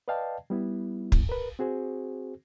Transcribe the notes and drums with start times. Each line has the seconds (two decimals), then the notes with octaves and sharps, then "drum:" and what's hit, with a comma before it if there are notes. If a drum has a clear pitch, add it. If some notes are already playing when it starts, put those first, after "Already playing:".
0.08 B4 D5 D#5 F5 G5 A5
0.50 G3 B3 E4
1.12 drum: kick
1.29 A#4 B4
1.59 C4 F#4 G#4 C5